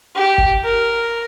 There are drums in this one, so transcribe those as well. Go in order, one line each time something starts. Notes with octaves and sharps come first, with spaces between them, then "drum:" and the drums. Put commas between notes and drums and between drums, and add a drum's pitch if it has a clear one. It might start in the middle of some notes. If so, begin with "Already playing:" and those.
G4
drum: kick G1
A#4